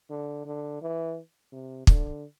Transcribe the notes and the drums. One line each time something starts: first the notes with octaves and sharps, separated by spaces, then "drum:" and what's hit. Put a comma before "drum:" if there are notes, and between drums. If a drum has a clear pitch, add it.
D3
D3
E3
C3
D3, drum: kick